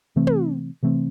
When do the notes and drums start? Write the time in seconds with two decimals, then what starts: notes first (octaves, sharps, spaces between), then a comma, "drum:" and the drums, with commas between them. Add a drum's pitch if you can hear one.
0.16 C3 E3 A3 C4
0.27 drum: tom
0.83 C3 E3 A3 C4